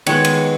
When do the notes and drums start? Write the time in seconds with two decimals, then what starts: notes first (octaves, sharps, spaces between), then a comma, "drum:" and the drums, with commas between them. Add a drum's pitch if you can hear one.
0.07 D#3 G#3 B3 C#5, drum: cymbal
0.25 drum: cymbal